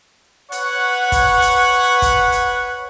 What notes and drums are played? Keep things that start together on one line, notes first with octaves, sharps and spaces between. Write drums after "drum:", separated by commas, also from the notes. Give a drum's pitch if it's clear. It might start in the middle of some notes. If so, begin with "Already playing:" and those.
B4 C#5 F#5 C#6, drum: hi-hat
drum: kick, hi-hat
drum: hi-hat
drum: kick, hi-hat
drum: hi-hat